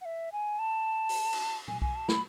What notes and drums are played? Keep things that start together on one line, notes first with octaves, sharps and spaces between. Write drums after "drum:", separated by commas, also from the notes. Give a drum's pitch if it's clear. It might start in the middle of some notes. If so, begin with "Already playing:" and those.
F#5
E5
G#5
A5
drum: open hi-hat
drum: cymbal
G#5, drum: tom
G#5, drum: kick B1
A5
B5, drum: snare